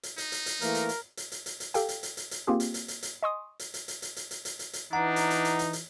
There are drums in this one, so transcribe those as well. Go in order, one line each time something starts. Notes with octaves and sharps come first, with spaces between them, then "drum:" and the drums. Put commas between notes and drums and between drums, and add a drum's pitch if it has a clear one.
drum: hi-hat
D#4, drum: hi-hat
drum: hi-hat
drum: hi-hat
E3 A3 A#3 A#4, drum: hi-hat
drum: hi-hat
drum: hi-hat
drum: hi-hat
drum: hi-hat
drum: hi-hat
drum: hi-hat
G4 A4 F5 G5, drum: hi-hat
drum: hi-hat
drum: hi-hat
drum: hi-hat
drum: hi-hat
A#3 C4 D#4 F4 G4 G#4
drum: hi-hat
drum: hi-hat
drum: hi-hat
drum: hi-hat
D#5 G#5 C6 C#6 D#6
drum: hi-hat
drum: hi-hat
drum: hi-hat
drum: hi-hat
drum: hi-hat
drum: hi-hat
drum: hi-hat
drum: hi-hat
drum: hi-hat
E3 D4 D#4 F#5 A#5
drum: hi-hat
drum: hi-hat
drum: hi-hat
drum: hi-hat
drum: hi-hat